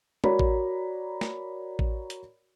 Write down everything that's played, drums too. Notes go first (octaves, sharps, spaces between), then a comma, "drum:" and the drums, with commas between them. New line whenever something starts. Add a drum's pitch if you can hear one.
F#4 A#4 C#5 D5 A#5 B5, drum: tom G#3
drum: kick A1
drum: snare
drum: kick A1
drum: hi-hat